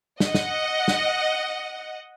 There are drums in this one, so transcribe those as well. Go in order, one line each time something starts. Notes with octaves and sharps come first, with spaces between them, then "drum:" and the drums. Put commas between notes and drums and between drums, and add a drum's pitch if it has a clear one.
D#5 F#5, drum: snare
drum: snare
drum: snare